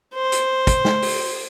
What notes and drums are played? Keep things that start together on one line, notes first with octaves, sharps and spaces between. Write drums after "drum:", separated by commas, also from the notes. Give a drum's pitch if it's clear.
C5
drum: hi-hat
drum: kick, hi-hat
drum: snare
drum: open hi-hat